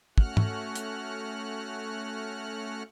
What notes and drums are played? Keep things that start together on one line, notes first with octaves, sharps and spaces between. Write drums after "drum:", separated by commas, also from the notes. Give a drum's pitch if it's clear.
A3 C#4 F#4 F#5 F6 F#6, drum: kick
drum: tom G#2
drum: hi-hat